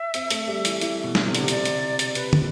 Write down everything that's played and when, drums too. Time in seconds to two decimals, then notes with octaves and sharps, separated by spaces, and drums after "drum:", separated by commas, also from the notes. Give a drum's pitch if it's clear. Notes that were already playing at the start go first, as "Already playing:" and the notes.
Already playing: E5
0.14 C4, drum: hi-hat
0.30 A3, drum: hi-hat
0.48 G3
0.65 E3, drum: hi-hat
0.81 E3, drum: hi-hat
1.04 B2
1.15 drum: snare
1.26 C3
1.35 D3, drum: hi-hat
1.42 C3
1.48 D5, drum: hi-hat
1.65 drum: hi-hat
1.99 drum: hi-hat
2.15 C3 B4, drum: hi-hat
2.33 drum: tom